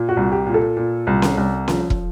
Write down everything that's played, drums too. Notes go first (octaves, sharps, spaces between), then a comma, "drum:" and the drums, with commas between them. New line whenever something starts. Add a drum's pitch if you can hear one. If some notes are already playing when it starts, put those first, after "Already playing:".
Already playing: A#2
F#4
C2
G4
A#2
A4
A#2
C2
drum: snare C#4
C2
F3, drum: snare C#4
drum: kick